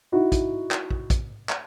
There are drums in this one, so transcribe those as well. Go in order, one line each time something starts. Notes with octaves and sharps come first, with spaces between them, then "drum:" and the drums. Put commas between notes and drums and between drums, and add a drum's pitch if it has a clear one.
D#4 E4 F#4
drum: kick, hi-hat
drum: clap
drum: kick
drum: kick, hi-hat
drum: clap